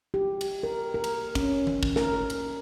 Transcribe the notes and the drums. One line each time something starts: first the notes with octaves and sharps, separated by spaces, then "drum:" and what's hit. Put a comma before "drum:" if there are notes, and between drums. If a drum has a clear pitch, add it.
G4
drum: cymbal
A#4
A#4
drum: cymbal
C#4, drum: kick, cymbal
drum: tom D#3
drum: kick
A#4, drum: snare
drum: cymbal